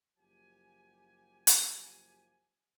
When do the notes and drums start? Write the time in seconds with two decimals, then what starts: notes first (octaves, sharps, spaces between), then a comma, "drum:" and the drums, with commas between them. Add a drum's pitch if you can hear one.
0.18 F#1 F3 G4 G#5
1.47 drum: hi-hat